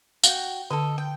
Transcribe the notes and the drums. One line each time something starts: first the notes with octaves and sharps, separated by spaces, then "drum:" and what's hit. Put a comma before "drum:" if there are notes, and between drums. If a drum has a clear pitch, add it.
F#4 F5 G5, drum: tambourine
D3 A4 D#5
G5